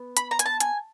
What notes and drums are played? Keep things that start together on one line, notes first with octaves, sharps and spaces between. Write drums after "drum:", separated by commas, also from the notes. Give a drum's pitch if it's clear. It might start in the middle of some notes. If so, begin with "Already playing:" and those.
Already playing: B3
B5, drum: hi-hat
A#5
G#5, drum: hi-hat
A5
G#5, drum: hi-hat